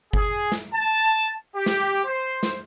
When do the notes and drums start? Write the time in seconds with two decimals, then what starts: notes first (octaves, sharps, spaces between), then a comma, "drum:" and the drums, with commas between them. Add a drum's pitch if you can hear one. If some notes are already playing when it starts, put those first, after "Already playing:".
0.13 G#4, drum: kick G1
0.52 drum: snare
0.73 A5
1.55 G4
1.66 drum: snare
2.05 C5
2.43 drum: snare